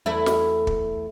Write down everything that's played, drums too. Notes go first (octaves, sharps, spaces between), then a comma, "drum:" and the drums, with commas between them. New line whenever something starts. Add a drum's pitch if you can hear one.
E2 A3 E4
drum: snare
drum: kick